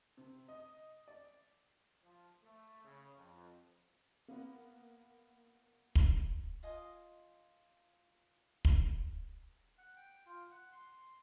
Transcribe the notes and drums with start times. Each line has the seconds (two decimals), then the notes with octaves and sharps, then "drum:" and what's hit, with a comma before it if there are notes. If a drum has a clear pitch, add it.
0.17 C3
0.48 D#5
1.08 D5
2.03 F3
2.43 A3
2.84 C#3
3.17 F2
4.28 A#3 B3
5.95 drum: kick
6.63 F4 D#5 G#5 D#6
8.65 drum: kick
9.78 F#5
9.97 G5
10.26 F4
10.51 F#5
10.72 C6